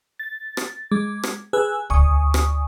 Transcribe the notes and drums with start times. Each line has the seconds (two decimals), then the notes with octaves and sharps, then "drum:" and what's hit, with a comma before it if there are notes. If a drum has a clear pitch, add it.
0.19 A6
0.57 drum: rim click
0.91 G#3 D6
1.23 drum: rim click
1.53 G#4 B4 G#5 E6 F#6
1.90 D2 G#5 C#6 D#6, drum: kick C2
2.34 drum: rim click